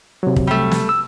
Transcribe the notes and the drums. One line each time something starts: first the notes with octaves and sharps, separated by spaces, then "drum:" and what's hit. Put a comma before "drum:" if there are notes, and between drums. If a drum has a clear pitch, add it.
C3 F#3
drum: kick
G3 A3
drum: snare
E6